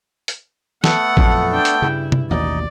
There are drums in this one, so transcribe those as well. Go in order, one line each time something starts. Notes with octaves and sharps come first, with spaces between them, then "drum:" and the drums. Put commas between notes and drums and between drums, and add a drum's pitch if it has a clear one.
drum: hi-hat
A3 B3 A4 F#5, drum: snare
F2 A#2 F#3, drum: kick A1
D4 G5
drum: hi-hat
G2 C#3 E4
drum: tom
A1 D#2 B2 D#4 D5 D#5